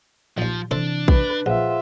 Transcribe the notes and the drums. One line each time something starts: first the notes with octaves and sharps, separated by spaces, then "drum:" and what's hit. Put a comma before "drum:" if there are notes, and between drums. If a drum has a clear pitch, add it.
A#1 D#2 F3
C3 E3 D4 A4 C5 E5
B4, drum: kick A#1
A#1 F4 G#4 C5 E5 F#5